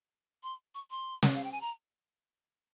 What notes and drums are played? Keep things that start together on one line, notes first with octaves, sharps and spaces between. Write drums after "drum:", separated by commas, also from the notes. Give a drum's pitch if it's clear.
C6
C#6
C6
drum: snare
F5
G5
G#5
A#5